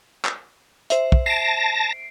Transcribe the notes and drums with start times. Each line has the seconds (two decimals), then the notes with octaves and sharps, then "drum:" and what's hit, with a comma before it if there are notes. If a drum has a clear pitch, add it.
0.25 drum: clap
0.90 C5 E5, drum: hi-hat
1.12 drum: kick
1.26 A5 A#6 C7 D7